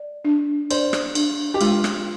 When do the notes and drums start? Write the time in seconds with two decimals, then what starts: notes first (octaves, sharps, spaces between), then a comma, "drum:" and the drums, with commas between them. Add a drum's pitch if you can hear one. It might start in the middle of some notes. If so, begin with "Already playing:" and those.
Already playing: D5
0.25 D4
0.71 C5 D5, drum: cymbal
0.93 drum: rim click
1.15 D4, drum: cymbal
1.54 G4
1.61 G#3 F4, drum: cymbal
1.84 drum: rim click